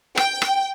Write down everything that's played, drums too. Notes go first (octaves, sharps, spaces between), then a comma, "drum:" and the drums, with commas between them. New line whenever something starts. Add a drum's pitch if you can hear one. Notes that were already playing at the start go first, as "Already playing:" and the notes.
G5, drum: rim click
drum: rim click